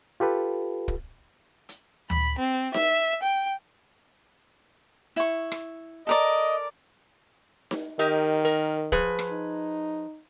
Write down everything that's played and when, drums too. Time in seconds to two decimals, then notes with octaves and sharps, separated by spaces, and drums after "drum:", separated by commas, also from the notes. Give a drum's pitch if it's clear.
0.20 F4 G4 A4 B4
0.88 drum: kick
1.69 drum: hi-hat
2.10 B5, drum: tom D2
2.39 C4
2.74 E5, drum: snare D#4
3.23 G5
5.16 E4 C#6, drum: hi-hat
5.52 drum: rim click
6.07 A4 A#4 D5 D#5
7.71 drum: snare D#4
7.99 D#3 G4 A#4 D#5
8.45 A#4, drum: hi-hat
8.92 F3 G#4 B4, drum: kick
9.19 drum: rim click
9.32 D#4